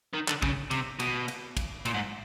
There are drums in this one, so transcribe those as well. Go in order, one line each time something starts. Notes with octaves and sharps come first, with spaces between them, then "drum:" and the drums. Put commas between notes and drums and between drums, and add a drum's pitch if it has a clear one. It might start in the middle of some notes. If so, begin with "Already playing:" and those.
D#3
D3, drum: clap
C#3, drum: kick
C3, drum: cymbal
B2, drum: cymbal
drum: cymbal
drum: kick, cymbal
A#2, drum: cymbal
G#2